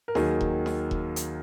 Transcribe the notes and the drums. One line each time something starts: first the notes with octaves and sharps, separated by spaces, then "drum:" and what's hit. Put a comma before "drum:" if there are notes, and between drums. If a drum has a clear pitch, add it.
A#4
D#2 D#3 F#3 G#4, drum: snare D#4
drum: kick E1
drum: snare D#4
drum: kick E1
drum: hi-hat